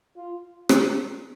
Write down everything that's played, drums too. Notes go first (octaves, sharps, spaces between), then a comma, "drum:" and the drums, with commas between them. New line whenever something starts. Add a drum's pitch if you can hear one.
F4
drum: rim click